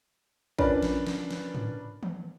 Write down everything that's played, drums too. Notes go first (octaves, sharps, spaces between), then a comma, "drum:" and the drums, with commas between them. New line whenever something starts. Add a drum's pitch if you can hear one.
C#4 D4 F4 A#4 B4 D5, drum: kick
drum: snare
drum: snare
drum: snare
drum: tom G#2
drum: tom D#3